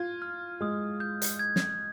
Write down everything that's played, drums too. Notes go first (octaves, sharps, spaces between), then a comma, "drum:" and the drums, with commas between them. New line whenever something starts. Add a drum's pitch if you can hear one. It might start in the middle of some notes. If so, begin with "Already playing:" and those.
Already playing: F4 G#6
F6
G#3 D#6
G6
drum: hi-hat
G#6
drum: snare